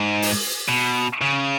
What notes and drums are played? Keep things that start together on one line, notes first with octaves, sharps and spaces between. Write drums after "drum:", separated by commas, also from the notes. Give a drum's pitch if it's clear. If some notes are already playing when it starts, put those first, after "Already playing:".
Already playing: G#2
drum: open hi-hat
B2
C#3